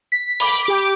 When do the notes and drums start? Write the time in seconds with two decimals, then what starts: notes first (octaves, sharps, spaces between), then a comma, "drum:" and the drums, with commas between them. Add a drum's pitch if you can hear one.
0.12 B6
0.40 B5 D6, drum: open hi-hat
0.65 G4 D6